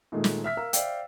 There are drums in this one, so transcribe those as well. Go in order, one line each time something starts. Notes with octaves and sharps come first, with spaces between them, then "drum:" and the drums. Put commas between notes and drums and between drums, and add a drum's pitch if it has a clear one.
A#2 D#3 G#3 A3
drum: snare
E5 F6 B6
A#4 F5 E6
C5 D5 E5 F5 G5, drum: hi-hat